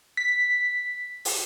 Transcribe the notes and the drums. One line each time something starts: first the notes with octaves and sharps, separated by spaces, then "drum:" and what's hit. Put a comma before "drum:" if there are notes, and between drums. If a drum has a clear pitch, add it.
B6
drum: open hi-hat